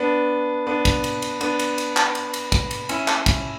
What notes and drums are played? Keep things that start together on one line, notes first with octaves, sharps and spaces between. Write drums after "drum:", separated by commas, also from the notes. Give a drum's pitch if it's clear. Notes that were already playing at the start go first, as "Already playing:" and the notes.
Already playing: B3 D4
B3 D4
drum: kick, cymbal
drum: cymbal
drum: cymbal
B3 D4, drum: cymbal
drum: cymbal
drum: cymbal
drum: clap
drum: cymbal
drum: cymbal
drum: kick, cymbal
drum: cymbal
C#4 E4, drum: cymbal
drum: clap
drum: kick, cymbal